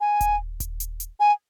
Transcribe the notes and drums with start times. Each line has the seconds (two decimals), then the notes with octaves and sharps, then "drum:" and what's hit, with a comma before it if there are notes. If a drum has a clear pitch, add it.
0.01 G#5
0.21 drum: kick D#1, hi-hat
0.60 drum: kick D#1, hi-hat
0.80 drum: hi-hat
1.00 drum: hi-hat
1.20 G#5